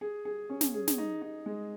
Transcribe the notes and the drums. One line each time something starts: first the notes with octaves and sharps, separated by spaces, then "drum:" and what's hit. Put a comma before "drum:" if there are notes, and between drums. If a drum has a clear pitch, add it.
G#4
G#4
C#4
drum: snare
G#4
drum: snare
D#4
D#4
G#3